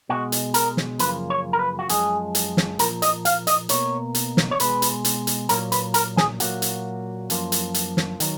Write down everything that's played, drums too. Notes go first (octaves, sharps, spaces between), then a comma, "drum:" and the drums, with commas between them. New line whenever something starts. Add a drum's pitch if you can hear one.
B2 G#3 F#4
drum: hi-hat
A#4, drum: hi-hat
drum: snare
F#2 C#3 F3 A#3 B4, drum: hi-hat
C#5
A#4
B4
F#4
F#2 F3 G#3 G#4, drum: hi-hat
drum: hi-hat
drum: snare
A#2 F3 A#3 A#4, drum: hi-hat
D#5, drum: hi-hat
F5, drum: hi-hat
D#5, drum: hi-hat
B2 A#3 C#5, drum: hi-hat
drum: hi-hat
drum: snare
C#5
B2 G#3 B4, drum: hi-hat
drum: hi-hat
drum: hi-hat
drum: hi-hat
A#2 F#3 A#3 A#4, drum: hi-hat
B4, drum: hi-hat
A#4, drum: hi-hat
G#4, drum: snare
A#2 F#3 A#3 F#4, drum: hi-hat
drum: hi-hat
F#2 F3 A#3, drum: hi-hat
drum: hi-hat
drum: hi-hat
drum: snare
D#3 F#3, drum: hi-hat